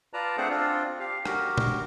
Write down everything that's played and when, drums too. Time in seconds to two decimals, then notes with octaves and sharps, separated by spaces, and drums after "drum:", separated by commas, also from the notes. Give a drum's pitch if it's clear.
0.13 F4 B4 D5 A5 A#5
0.37 A3 C4 D4 G#4 C5 F#5
0.50 C4 D4 F4
1.00 G4 F5
1.25 F#4 G4 A#4, drum: rim click
1.58 drum: tom